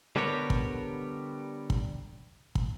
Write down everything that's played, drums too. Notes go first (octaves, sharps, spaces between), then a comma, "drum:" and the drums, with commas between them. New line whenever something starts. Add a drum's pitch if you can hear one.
D3 G3 B3 G4 A#4 C#5
drum: kick
drum: kick
drum: kick